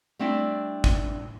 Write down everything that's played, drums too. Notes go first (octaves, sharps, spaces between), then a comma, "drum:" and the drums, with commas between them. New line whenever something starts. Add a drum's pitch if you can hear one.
G3 A3 C4 D4 E4
drum: kick